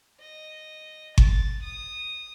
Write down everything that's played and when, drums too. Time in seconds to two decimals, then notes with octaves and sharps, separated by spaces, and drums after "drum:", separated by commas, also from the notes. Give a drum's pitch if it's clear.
0.21 D#5
1.18 A6, drum: kick G1
1.64 D#6